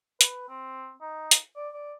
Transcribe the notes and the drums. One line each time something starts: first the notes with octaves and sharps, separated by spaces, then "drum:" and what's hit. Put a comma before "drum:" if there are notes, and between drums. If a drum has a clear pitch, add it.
B4, drum: hi-hat
C4
D#4
drum: hi-hat
D5
D5